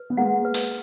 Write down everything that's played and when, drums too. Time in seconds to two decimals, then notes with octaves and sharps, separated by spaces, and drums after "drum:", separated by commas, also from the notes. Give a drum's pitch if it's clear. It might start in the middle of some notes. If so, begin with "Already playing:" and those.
Already playing: B4
0.10 B3
0.17 G#3 A#3 F#5
0.45 B4
0.54 drum: hi-hat